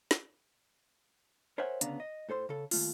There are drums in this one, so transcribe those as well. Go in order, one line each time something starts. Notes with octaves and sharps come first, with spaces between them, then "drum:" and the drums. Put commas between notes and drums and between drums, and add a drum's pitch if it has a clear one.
drum: snare
A#4 C5 C#5 E5 F#5 G#5
D2 C#3 B3 D4 F5 A#5, drum: hi-hat
D#5
A2 A4 C5 C6
C#3 A4
D#2 A3 F4, drum: open hi-hat